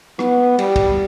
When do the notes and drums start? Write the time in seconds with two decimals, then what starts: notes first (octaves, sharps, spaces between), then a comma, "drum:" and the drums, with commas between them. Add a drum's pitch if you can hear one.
0.19 B3, drum: rim click
0.59 G3, drum: cymbal
0.76 drum: kick, cymbal